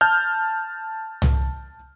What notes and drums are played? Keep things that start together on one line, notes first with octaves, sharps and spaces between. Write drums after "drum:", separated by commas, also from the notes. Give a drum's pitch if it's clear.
A5 F6 G6
drum: tom C2